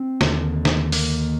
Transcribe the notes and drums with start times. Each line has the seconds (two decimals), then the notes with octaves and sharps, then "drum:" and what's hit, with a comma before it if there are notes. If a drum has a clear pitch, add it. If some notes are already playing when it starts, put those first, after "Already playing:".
Already playing: C4
0.21 D#2 D3, drum: snare
0.65 drum: snare
0.92 A#3, drum: open hi-hat